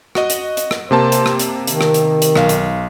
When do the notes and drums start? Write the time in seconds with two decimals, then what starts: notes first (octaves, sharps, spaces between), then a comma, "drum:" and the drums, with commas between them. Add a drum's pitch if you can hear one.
0.15 F#4 D#5, drum: rim click
0.30 drum: hi-hat
0.57 drum: hi-hat
0.71 drum: rim click
0.91 C3 A#3 C5 A5
1.12 drum: hi-hat
1.26 drum: rim click
1.39 drum: hi-hat
1.67 D#3, drum: hi-hat
1.81 drum: rim click
1.94 drum: hi-hat
2.22 drum: hi-hat
2.36 B1 F5, drum: rim click
2.49 drum: hi-hat